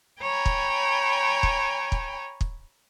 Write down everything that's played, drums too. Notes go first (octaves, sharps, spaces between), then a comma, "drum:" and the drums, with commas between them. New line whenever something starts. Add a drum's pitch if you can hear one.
C#5 G5 G#5 A#5 B5
drum: kick
drum: kick
drum: kick
drum: kick